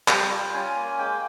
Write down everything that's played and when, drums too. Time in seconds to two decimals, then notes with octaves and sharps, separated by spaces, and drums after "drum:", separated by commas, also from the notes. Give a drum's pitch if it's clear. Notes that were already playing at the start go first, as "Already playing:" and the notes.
0.08 G3 G5, drum: clap
0.30 F4
0.53 C#4 G#5
0.75 A#3
0.98 G#3 G5